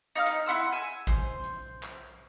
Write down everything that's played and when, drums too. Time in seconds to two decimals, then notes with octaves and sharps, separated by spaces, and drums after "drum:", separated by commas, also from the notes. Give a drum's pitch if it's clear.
0.15 D#4 F5 F6
0.27 drum: clap
0.46 E4 F#5 C6 E6
0.72 G#5 E6
1.07 C5, drum: kick, hi-hat
1.44 drum: hi-hat
1.83 drum: clap